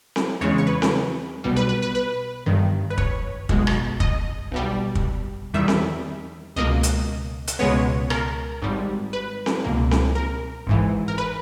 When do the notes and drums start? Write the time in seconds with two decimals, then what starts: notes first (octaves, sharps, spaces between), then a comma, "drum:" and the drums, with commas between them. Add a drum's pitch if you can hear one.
0.16 drum: snare C4
0.41 E2 C#3 G#3 C#5
0.58 C#5
0.67 B4
0.82 drum: snare C4
1.44 B1 B2 G3
1.56 B4
1.69 B4
1.82 B4
1.95 B4
2.46 G1 G2 D#3
2.90 B4
2.98 C#5, drum: kick
3.49 B1 B2 G#3, drum: kick
3.67 drum: rim click
4.00 D#5, drum: kick
4.52 B1 B2 G3
4.95 drum: kick
5.54 E2 D#3 G3 E5
5.68 drum: snare C4
6.56 C#2 B2 A#3 D#5
6.83 drum: hi-hat
7.47 drum: hi-hat
7.59 C#2 B2 G#3 B3 C#5
8.10 A#4, drum: rim click
8.62 G#1 G#2 G3
9.13 B4
9.46 drum: snare C4
9.64 C#2 B2 A#3
9.91 drum: snare C4
10.15 A#4
10.67 G#1 G#2 E3
11.08 A#4
11.18 B4